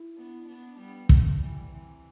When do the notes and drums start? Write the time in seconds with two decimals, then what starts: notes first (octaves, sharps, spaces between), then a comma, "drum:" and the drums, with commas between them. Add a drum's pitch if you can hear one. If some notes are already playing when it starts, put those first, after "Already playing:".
Already playing: E4
0.17 B3 D4
0.48 B3 D4
0.79 G3 B3
1.09 F3 A3, drum: kick
1.41 E3 G3
1.71 C3 E3